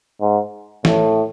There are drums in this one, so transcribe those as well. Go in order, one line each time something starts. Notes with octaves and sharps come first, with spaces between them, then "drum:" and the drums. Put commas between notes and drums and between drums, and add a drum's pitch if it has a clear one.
G#2
A2, drum: snare